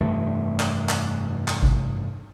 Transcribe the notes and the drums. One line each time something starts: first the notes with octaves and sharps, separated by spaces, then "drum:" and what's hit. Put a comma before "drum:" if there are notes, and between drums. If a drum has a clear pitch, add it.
F1 G2 E3 A3
drum: clap
drum: clap
drum: clap
drum: kick G#1